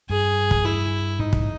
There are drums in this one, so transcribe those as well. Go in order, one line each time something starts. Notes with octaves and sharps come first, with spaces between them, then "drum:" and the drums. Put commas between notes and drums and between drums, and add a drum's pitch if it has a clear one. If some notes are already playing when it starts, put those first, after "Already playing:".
G2 G#4
drum: kick
E4
G#2 D#4
drum: kick